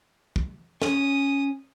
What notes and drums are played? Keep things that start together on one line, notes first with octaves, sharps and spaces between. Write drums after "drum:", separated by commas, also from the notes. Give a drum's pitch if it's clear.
drum: kick
C#4 D#6, drum: snare